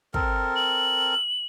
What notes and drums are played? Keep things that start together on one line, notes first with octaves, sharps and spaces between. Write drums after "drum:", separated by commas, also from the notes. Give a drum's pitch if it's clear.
C4 A4 A#4, drum: kick
F#7